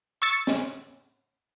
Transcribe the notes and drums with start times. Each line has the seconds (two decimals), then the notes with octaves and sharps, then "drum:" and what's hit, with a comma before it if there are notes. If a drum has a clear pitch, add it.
0.22 C#6 E6 A6 C#7
0.47 drum: snare